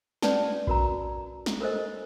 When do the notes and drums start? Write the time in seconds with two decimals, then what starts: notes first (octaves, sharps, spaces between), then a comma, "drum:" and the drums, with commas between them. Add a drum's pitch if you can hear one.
0.22 C#4 B4 D5 A5, drum: snare
0.67 F#4 A#4 A#5, drum: kick A#1
1.46 drum: snare
1.61 A4 A#4 C5 D#5